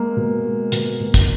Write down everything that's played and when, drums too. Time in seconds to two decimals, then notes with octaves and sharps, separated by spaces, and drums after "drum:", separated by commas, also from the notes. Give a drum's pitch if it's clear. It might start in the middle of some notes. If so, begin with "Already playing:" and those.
Already playing: G#3 A#3
0.17 B2
0.45 G#3
0.72 B2, drum: hi-hat
1.00 B2
1.14 drum: kick, hi-hat